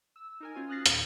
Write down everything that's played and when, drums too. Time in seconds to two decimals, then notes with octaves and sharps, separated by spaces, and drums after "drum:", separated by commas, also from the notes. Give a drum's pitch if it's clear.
0.16 E6
0.40 D#4 A#4 G#5
0.54 C#4 F4 F#4 C5 G#5
0.69 D#6 F6 F#6 A6 A#6 C7
0.86 D#2 A#2, drum: hi-hat